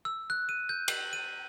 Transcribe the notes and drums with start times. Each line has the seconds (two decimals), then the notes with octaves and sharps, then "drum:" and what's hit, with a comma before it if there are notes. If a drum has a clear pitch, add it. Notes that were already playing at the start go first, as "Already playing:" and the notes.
0.05 E6
0.30 F#6
0.49 D#7
0.69 G6
0.88 F#7, drum: cymbal
1.13 D#7